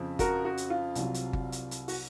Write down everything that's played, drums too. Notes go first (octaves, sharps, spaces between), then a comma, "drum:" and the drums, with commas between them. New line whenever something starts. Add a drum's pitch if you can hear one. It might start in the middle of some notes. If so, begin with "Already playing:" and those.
Already playing: F2 C#3 F3 C4
F#4 A#4, drum: kick G1, hi-hat
F#4
drum: hi-hat
F4
C2 C3 F#3, drum: hi-hat
drum: hi-hat
drum: kick G1
drum: hi-hat
drum: hi-hat
F#4, drum: open hi-hat